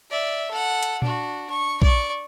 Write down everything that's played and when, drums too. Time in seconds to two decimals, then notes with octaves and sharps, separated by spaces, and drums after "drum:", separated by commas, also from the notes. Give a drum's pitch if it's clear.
0.10 D5 E5
0.51 A4 F#5
0.83 drum: hi-hat
1.02 D4 F#4, drum: tom A#2
1.50 C#6
1.82 D5 C#6, drum: kick